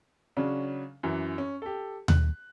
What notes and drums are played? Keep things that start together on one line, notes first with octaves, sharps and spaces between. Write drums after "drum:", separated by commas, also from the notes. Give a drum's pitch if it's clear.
C#3 F#3 C#4 D4
F#2 E3
C#4
G4 A4
F#6, drum: tom D#2